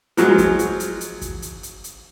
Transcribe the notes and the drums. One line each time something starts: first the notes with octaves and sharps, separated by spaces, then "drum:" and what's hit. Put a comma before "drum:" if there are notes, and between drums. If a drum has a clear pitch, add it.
F3 F#3 G#3, drum: hi-hat
drum: kick, hi-hat
drum: hi-hat
drum: hi-hat
drum: hi-hat
drum: kick, hi-hat
drum: hi-hat
drum: hi-hat
drum: hi-hat